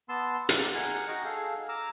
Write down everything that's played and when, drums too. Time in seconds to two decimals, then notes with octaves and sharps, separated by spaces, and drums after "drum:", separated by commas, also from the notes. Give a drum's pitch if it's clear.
0.09 B3 A5 C6 E6
0.49 A#3 G4, drum: hi-hat
0.74 D#4 G#4 F#5 G#5 F6
1.08 D#4 F#4 D#5 G5
1.25 G#4 A4 F5
1.69 A#5 D6 E6 F6